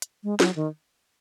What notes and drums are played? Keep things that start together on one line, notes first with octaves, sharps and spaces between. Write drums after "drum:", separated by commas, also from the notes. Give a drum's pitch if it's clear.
drum: hi-hat
G#3
F#3, drum: snare
D#3